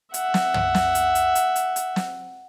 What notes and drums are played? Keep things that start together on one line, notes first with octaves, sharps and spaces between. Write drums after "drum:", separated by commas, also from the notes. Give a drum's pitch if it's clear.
E5 F#5, drum: hi-hat
drum: snare
drum: tom
drum: snare
drum: hi-hat
drum: hi-hat
drum: hi-hat
drum: hi-hat
drum: hi-hat
drum: snare